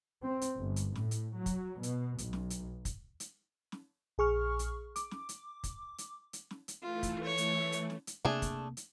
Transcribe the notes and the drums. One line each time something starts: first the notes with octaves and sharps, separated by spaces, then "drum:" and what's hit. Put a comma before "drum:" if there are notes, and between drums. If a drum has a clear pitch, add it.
C4
drum: hi-hat
G1
drum: hi-hat
A2, drum: snare
drum: hi-hat
F#3
drum: kick, hi-hat
B2, drum: hi-hat
B1, drum: hi-hat
drum: snare
drum: hi-hat
drum: kick, hi-hat
drum: hi-hat
drum: snare
A#1 G#4 C#6 F6
drum: hi-hat
D6, drum: hi-hat
drum: snare
drum: hi-hat
drum: kick, hi-hat
drum: hi-hat
drum: hi-hat
drum: snare
drum: hi-hat
E3 A3 F4
drum: kick, hi-hat
C#5
drum: hi-hat
drum: hi-hat
drum: snare
drum: hi-hat
C3 A3 A#3 D4 G#4
drum: kick, hi-hat
drum: hi-hat